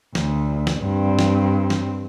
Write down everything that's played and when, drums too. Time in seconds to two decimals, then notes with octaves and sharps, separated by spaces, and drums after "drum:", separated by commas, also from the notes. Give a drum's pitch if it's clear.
0.15 D2, drum: snare
0.67 drum: snare
0.80 G2 C4
1.19 drum: snare
1.70 drum: snare